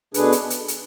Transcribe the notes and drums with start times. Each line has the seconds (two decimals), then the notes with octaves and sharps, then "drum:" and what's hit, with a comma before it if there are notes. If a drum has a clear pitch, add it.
0.14 B2 A3 D4 G#4 B4, drum: hi-hat
0.32 drum: hi-hat
0.50 drum: hi-hat
0.68 drum: hi-hat